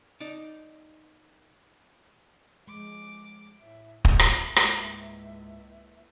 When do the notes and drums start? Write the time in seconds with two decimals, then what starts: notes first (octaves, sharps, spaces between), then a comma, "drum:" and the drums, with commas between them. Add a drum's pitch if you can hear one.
0.20 D#4 D5
2.67 F3 G#3 D6
3.60 A2 E5
4.05 F2 A2 D3 G#4, drum: kick
4.19 F#2 A#2 F#3 B3 E5, drum: rim click
4.56 C#2 G#2 A#3 E4 B4, drum: rim click